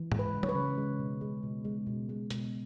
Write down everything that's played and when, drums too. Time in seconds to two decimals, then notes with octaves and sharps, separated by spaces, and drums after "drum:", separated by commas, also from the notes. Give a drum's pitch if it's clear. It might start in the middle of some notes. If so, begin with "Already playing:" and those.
Already playing: E3
0.12 G#3, drum: tom G#2
0.19 B4
0.33 C#3
0.43 C#5, drum: tom
0.49 B4
0.55 C#3
0.78 G#3
0.99 B2
1.21 G#3
1.43 B2
1.65 G#3
1.87 B2
2.09 G#3
2.30 B2, drum: hi-hat